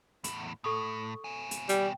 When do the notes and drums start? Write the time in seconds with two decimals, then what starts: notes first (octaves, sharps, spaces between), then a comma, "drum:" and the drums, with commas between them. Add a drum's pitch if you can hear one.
0.24 E2 A2, drum: hi-hat
0.64 A2 A4 C#6 D#6
1.24 B2 G#5
1.51 drum: hi-hat
1.69 G3 G5, drum: hi-hat